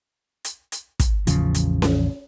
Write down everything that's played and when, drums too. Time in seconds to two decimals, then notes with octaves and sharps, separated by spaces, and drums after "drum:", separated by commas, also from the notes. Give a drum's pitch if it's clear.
0.45 drum: hi-hat
0.72 drum: hi-hat
1.00 drum: kick, hi-hat
1.27 A1 E2 C#3 F3, drum: hi-hat
1.55 drum: hi-hat
1.82 drum: snare C#4